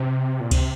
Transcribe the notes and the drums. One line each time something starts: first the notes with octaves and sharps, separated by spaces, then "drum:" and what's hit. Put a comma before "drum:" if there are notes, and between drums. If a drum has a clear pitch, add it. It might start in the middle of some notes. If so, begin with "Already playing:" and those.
Already playing: C3
A#2
C3, drum: kick, cymbal